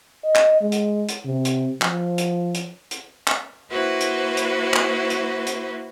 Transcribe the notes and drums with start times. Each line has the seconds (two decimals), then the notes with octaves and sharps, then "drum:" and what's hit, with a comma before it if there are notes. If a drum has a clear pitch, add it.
0.24 D#5
0.36 drum: clap
0.61 G#3
0.72 drum: hi-hat
1.09 drum: hi-hat
1.25 C3
1.45 drum: hi-hat
1.82 F3, drum: clap
2.18 drum: hi-hat
2.55 drum: hi-hat
2.91 drum: hi-hat
3.28 drum: clap
3.71 A#3 E4 F#4 B4 C5
4.01 drum: hi-hat
4.37 drum: hi-hat
4.74 drum: clap
5.10 drum: hi-hat
5.47 drum: hi-hat